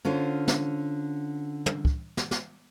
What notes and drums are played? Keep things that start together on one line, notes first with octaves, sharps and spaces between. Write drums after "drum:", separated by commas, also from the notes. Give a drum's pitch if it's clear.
D3 C#4 F4 C5
drum: snare
drum: tom
drum: kick
drum: snare
drum: snare